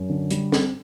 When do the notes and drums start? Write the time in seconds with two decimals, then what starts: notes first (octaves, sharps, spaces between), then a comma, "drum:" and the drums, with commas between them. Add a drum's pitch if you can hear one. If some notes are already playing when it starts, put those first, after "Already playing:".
Already playing: F#2
0.10 D3
0.31 G3, drum: hi-hat
0.52 C4, drum: snare